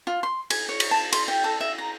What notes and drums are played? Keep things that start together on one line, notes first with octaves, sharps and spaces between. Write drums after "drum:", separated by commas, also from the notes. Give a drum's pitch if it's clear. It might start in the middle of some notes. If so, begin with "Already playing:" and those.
F4
C6
G#5, drum: cymbal
C#5
drum: cymbal
A5
C6, drum: cymbal
G5
A4
E5
A#5